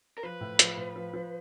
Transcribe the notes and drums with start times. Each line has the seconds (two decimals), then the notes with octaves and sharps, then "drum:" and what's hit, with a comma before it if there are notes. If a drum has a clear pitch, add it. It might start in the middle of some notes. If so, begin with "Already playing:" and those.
0.18 A#4
0.23 F3 B4
0.41 A2
0.59 F3, drum: hi-hat
0.77 A2
0.96 F3
1.14 F3